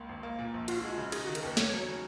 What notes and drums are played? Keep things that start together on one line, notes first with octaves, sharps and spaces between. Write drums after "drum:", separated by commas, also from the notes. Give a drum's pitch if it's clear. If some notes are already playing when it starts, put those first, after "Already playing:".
Already playing: C#2 A#3
G#1
A#3
A#2
A#1
F4 F#4, drum: cymbal
G#3
C#3
D#4 G#4, drum: cymbal
F#4
D#3
A#4, drum: cymbal
D#2 B4
D#4 C#5, drum: snare
F#3
C#3